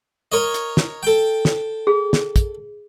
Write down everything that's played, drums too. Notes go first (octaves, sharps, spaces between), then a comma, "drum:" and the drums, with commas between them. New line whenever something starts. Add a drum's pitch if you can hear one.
A#4 C#5 D#5
drum: hi-hat
drum: snare
A4 G5
drum: snare
G#4
drum: snare
drum: kick, hi-hat